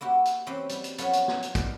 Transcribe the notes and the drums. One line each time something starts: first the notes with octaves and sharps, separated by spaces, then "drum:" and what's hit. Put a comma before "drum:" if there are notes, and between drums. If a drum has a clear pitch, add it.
A#3 E4 F#4 G4
drum: hi-hat
E3 C4 C#4 E4 G4 C5
G3, drum: hi-hat
drum: hi-hat
F3 F#3 A3 B3 C#4, drum: hi-hat
drum: hi-hat
drum: snare
drum: hi-hat
D#3 E3 D4, drum: kick, hi-hat